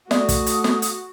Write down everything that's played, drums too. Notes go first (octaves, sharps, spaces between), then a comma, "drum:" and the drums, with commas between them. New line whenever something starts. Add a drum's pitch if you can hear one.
A3 F#4 D5 E5 D#6, drum: snare
drum: kick, hi-hat
drum: hi-hat
drum: snare
drum: hi-hat